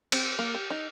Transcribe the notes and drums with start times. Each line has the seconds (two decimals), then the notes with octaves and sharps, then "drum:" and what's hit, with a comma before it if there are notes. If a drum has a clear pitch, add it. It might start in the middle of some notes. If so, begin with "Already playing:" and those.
0.12 C4, drum: cymbal
0.39 A#3
0.54 G4
0.70 D#4